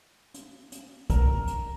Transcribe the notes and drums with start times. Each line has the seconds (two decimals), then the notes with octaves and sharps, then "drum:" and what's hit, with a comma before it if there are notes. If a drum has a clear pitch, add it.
0.34 drum: hi-hat
0.72 drum: hi-hat
1.10 A#4, drum: kick, hi-hat
1.47 drum: hi-hat